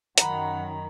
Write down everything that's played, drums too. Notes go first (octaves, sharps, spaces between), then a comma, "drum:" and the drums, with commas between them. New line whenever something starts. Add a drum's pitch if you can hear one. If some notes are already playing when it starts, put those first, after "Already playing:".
F#2 D#3 F#5 A#5 B5, drum: hi-hat